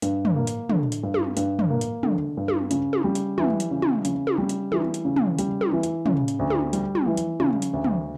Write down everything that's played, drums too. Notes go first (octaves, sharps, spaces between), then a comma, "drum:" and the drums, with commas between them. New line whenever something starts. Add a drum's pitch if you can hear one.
G2, drum: hi-hat
drum: tom
A#3
drum: hi-hat
D3, drum: tom
drum: hi-hat
G2
drum: tom
G2, drum: hi-hat
drum: tom
A#3
drum: hi-hat
D3, drum: tom
G2
drum: tom
C#3, drum: hi-hat
drum: tom
G3
drum: hi-hat
E3, drum: tom
drum: hi-hat
C#3
drum: tom
C#3, drum: hi-hat
drum: tom
G3
drum: hi-hat
E3, drum: tom
drum: hi-hat
C#3
drum: tom
G3, drum: hi-hat
drum: tom
E3
drum: hi-hat
C#3, drum: tom
drum: hi-hat
D2
drum: tom
G3, drum: hi-hat
drum: tom
E3
drum: hi-hat
C#3, drum: tom
drum: hi-hat
D2
drum: tom